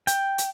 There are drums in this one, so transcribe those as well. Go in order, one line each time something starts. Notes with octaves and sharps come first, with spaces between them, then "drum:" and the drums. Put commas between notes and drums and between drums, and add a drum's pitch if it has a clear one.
G5, drum: hi-hat
drum: hi-hat